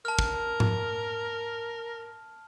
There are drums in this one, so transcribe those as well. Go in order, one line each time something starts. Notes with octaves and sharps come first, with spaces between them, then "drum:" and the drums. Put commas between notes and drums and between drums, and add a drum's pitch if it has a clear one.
A#4 A5 F6
drum: kick
drum: tom G#2